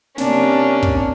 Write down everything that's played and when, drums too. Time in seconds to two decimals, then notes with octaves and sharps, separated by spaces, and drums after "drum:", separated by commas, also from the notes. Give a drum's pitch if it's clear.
0.18 C3 A#3 C#4 D4, drum: snare
0.83 drum: kick